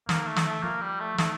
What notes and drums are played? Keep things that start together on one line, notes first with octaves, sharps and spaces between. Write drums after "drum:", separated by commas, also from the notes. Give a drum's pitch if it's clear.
D#3 A#3, drum: snare
A3
drum: snare
A3
F3 A#3
G3
A3
D#3 A3, drum: snare